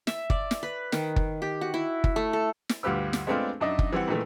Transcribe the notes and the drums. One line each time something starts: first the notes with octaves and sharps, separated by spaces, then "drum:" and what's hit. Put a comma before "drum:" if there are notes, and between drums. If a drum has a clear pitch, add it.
E5, drum: snare
D5, drum: kick
drum: snare
B4
D#3, drum: snare
drum: kick
G4
F#4
E4
drum: kick
A3
A4
drum: snare
D2 G2 F4 G4 B4 E6
drum: snare
G#3 A3 B3 C4 D4 F4
F#2 D4 D#4 D#5 E5
drum: kick
E3 G3 C4 F#5
A#2 D#3 E3 A3